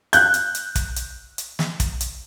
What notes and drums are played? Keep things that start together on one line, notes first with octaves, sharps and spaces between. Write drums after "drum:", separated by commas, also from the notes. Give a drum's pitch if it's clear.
F#6 G6, drum: hi-hat
drum: hi-hat
drum: hi-hat
drum: kick, hi-hat
drum: hi-hat
drum: hi-hat
drum: snare
drum: kick, hi-hat
drum: hi-hat